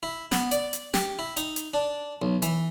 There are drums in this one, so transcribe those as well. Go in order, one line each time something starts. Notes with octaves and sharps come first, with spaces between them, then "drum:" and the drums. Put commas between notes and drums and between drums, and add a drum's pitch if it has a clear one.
E4
B3, drum: snare
D5, drum: hi-hat
drum: hi-hat
G4, drum: snare
E4
D#4, drum: hi-hat
drum: hi-hat
D4
B1
E3, drum: hi-hat